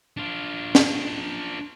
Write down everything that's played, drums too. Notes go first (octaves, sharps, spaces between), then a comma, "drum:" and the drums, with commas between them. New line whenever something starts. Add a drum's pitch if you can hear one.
D4 F4
drum: snare